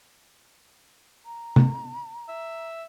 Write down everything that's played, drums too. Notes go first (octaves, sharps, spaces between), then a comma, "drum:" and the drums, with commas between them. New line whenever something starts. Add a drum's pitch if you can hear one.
A#5
drum: tom
E5